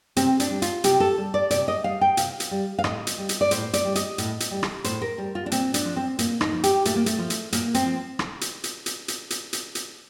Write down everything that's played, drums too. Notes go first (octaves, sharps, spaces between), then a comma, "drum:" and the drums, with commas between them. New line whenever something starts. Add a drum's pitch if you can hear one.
C3 C4, drum: hi-hat
D4, drum: hi-hat
G3
F4, drum: hi-hat
C3 G4, drum: hi-hat
A4
G3
D5
C3 D5, drum: hi-hat
D#5
G3 F5
G5
C3 F5, drum: hi-hat
drum: hi-hat
G3
F5
A2 D#5, drum: rim click
drum: hi-hat
G3
drum: hi-hat
D5
A2 C5, drum: hi-hat
D5, drum: hi-hat
G3
D#5, drum: hi-hat
A2, drum: hi-hat
drum: hi-hat
G3
drum: rim click
A2 C5, drum: hi-hat
A#4
G3
F4
D4
A#2 C4, drum: hi-hat
D4, drum: hi-hat
F3
C4
A#2 A#3, drum: hi-hat
D#4, drum: rim click
F3
G4, drum: hi-hat
A#2 A3, drum: hi-hat
A#3
A3, drum: hi-hat
F3
drum: hi-hat
A#2 A#3, drum: hi-hat
C4, drum: hi-hat
F3
drum: rim click
drum: hi-hat
drum: hi-hat
drum: hi-hat
drum: hi-hat
drum: hi-hat
drum: hi-hat
drum: hi-hat